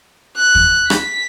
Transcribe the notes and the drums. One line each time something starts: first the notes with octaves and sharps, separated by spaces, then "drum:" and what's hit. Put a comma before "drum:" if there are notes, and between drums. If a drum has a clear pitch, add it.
F#6
drum: kick
B6, drum: rim click